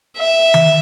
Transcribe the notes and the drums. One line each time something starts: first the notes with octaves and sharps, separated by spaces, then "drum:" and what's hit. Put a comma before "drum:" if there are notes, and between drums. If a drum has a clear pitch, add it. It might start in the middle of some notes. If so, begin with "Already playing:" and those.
E5
drum: tom D#3